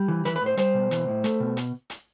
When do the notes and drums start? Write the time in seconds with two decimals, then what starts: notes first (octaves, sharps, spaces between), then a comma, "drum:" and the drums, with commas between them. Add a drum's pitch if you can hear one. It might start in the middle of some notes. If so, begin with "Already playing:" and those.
Already playing: G3
0.08 E3
0.25 E3 B4, drum: hi-hat
0.36 B4
0.41 A2
0.46 C5
0.57 G3 C5, drum: hi-hat
0.74 B2
0.91 E3, drum: hi-hat
1.08 A2
1.24 A3, drum: hi-hat
1.40 B2
1.57 drum: hi-hat
1.90 drum: hi-hat